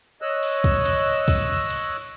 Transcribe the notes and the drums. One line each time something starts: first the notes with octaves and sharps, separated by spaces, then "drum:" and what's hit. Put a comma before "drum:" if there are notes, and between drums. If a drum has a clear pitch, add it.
C#5 D#5 E6 F#6
drum: cymbal
drum: kick
drum: cymbal
drum: kick, cymbal
drum: cymbal